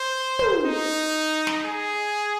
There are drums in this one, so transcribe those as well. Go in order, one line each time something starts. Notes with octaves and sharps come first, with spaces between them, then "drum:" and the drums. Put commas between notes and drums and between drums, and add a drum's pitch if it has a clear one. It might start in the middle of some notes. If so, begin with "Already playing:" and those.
Already playing: C5
drum: tom
D#4
drum: snare
G#4